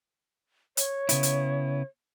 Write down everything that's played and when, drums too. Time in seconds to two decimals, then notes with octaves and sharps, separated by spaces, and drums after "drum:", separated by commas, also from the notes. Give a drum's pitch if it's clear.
0.77 C#5, drum: hi-hat
1.09 C#3 B3 E4, drum: hi-hat
1.23 drum: hi-hat